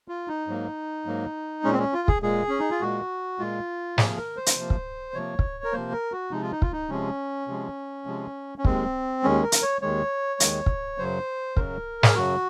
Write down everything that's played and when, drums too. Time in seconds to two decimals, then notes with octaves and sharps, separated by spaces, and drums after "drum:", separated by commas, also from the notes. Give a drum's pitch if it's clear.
0.08 F4
0.28 D#4
0.47 G#2 F#3 A#3
1.06 G#2 F#3 A#3
1.64 A#2 G#3 C#4
1.73 C4
1.79 C#4
1.93 F4
2.08 G#4, drum: kick
2.22 A#2 G#3 G#4
2.49 C#4
2.59 D#4
2.71 F4
2.81 A#2 G#3 F#4
3.39 A#2 G#3 F4
3.98 C3 F3 A#3 G#4, drum: snare
4.17 A#4
4.36 C5
4.46 drum: hi-hat
4.56 C3 F3 A#3
4.70 drum: kick
5.14 C3 F3 A#3 C#5
5.39 drum: kick
5.64 A#4
5.73 C3 F3 A#3 C5
5.92 A#4
6.12 F#4
6.31 C3 F3 G#3 D#4
6.41 F4
6.52 D#4
6.62 F4, drum: kick
6.72 D#4
6.89 C3 F3 G#3 C#4
7.48 C3 F3 G#3
8.06 C3 F3 G#3
8.58 C#4
8.65 D#2 D#3 G#3 C4, drum: kick
9.23 D#2 D#3 G#3 C#4
9.43 A#4
9.52 drum: hi-hat
9.62 C#5
9.82 D#2 D#3 G#3 C#5
10.40 D#2 D#3 G#3, drum: hi-hat
10.66 drum: kick
10.98 F#2 C#3 F#3 C5
11.57 F#2 C#3 F#3 A#4, drum: kick
12.03 G#4, drum: snare
12.15 F#2 C#3 F#3 F#4